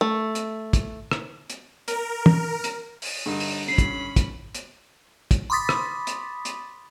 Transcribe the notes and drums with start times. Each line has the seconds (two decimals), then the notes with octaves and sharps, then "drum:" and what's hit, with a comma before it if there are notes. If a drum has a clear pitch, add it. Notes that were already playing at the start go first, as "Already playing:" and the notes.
0.01 A3
0.35 drum: hi-hat
0.73 drum: kick, hi-hat
1.11 drum: rim click
1.50 drum: hi-hat
1.88 A#4, drum: hi-hat
2.26 drum: tom
2.64 drum: hi-hat
3.02 drum: open hi-hat
3.26 G2 D3 D#4
3.40 drum: open hi-hat
3.68 C#4 B5 C7
3.78 drum: kick, hi-hat
4.16 drum: kick, hi-hat
4.55 drum: hi-hat
5.31 drum: kick, hi-hat
5.50 B5 C6 D6 D#6 A6 B6
5.69 drum: rim click
6.07 drum: hi-hat
6.45 drum: hi-hat